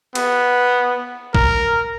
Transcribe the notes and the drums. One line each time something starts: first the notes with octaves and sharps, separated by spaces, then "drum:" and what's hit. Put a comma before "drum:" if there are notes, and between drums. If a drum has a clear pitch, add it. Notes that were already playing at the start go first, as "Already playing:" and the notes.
B3, drum: cymbal
A#4, drum: kick A#1